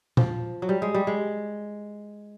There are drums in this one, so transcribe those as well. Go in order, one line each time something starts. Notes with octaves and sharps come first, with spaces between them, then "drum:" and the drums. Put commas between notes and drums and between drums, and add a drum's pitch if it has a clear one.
F3, drum: tom A#2
F#3
G3
G#3
G3
G#3